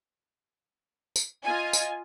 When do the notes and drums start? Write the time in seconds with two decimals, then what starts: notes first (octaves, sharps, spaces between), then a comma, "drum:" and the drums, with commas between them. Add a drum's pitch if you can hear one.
1.16 drum: tambourine
1.45 F4 D#5 G#5
1.73 drum: tambourine